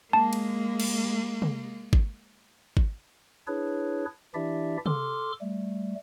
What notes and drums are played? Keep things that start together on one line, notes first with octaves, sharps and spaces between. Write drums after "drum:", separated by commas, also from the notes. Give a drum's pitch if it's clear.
G#3 A#3 A5
drum: cymbal
drum: cymbal
drum: tom
drum: kick G#1
drum: kick G#1
D4 E4 G#4 B4 C#5
E3 D4 E4 G4 D5 E5
A4 C6 D6 F6, drum: tom
G3 A3